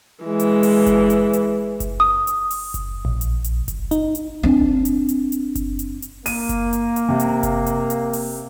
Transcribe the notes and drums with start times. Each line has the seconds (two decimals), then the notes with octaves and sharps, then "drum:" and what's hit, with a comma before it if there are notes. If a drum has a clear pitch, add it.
0.24 E3 G#3
0.40 drum: hi-hat
0.63 drum: open hi-hat
0.86 drum: kick F#1, hi-hat
1.10 drum: hi-hat
1.33 drum: hi-hat
1.80 drum: kick F#1, hi-hat
2.00 D#6
2.27 drum: hi-hat
2.51 drum: open hi-hat
2.74 drum: kick F#1, hi-hat
3.05 A#1
3.21 drum: hi-hat
3.44 drum: hi-hat
3.68 drum: kick F#1, hi-hat
3.91 D#4, drum: hi-hat
4.15 drum: hi-hat
4.43 C4 D4
4.62 drum: kick F#1
4.85 drum: hi-hat
5.09 drum: hi-hat
5.32 drum: hi-hat
5.55 drum: kick F#1, hi-hat
5.79 drum: hi-hat
6.02 drum: hi-hat
6.26 A#3 D#7, drum: open hi-hat
6.49 drum: kick F#1, hi-hat
6.73 drum: hi-hat
6.96 drum: hi-hat
7.09 C3
7.20 drum: hi-hat
7.43 drum: kick F#1, hi-hat
7.66 drum: hi-hat
7.90 drum: hi-hat
8.13 drum: open hi-hat